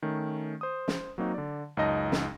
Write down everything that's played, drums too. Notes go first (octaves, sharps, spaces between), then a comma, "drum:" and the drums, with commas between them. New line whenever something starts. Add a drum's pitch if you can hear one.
D#3 A3 C#4
C5 D#6
drum: snare
F#3 A#3 C4 D#4 F#4
D3 D5
C#2 F#2 D#4 D#5 A5 A#6
drum: snare